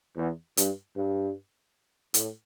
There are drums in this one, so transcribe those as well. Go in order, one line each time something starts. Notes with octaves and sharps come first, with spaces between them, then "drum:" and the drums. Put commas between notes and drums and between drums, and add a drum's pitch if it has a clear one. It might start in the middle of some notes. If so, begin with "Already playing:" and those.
E2
G2, drum: hi-hat
G2
A2, drum: hi-hat